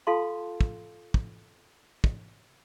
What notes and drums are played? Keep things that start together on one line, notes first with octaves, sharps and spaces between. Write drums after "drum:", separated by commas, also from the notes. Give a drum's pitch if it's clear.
F4 A4 F5 A5 C6
drum: kick
drum: kick
drum: kick